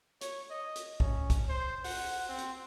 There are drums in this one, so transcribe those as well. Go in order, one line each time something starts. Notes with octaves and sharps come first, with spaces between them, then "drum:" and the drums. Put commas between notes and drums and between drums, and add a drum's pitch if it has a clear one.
C#5, drum: hi-hat
D#5
drum: hi-hat
C#4, drum: kick
drum: kick, hi-hat
C5
F#5, drum: open hi-hat
C4
drum: hi-hat